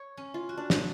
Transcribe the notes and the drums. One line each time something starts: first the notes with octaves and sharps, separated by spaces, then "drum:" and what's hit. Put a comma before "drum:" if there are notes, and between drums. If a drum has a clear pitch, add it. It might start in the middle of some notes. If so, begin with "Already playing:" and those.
Already playing: C#5
C#4
F4
F#4
D4
drum: snare